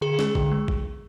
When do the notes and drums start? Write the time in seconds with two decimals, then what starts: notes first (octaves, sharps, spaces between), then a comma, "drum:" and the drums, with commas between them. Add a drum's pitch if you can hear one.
0.01 D3 G#4
0.19 G#3 C#4, drum: snare
0.35 D3, drum: kick G#1
0.52 G#3
0.68 drum: kick G#1